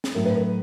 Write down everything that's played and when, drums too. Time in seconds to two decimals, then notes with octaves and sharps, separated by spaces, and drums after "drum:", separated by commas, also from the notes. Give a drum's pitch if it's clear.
0.04 drum: snare
0.14 A2 F#3 A3 A#4
0.25 B4
0.36 A#4